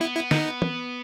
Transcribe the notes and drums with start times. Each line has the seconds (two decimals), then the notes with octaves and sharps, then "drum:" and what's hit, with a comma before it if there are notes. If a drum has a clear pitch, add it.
0.01 B3 E4
0.15 E4
0.31 D#4, drum: snare
0.62 drum: tom